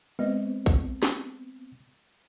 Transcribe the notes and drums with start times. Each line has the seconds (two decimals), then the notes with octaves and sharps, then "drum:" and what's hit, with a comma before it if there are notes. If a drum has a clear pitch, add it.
0.19 G#3 B3 C4 D#5
0.66 drum: kick
1.03 drum: snare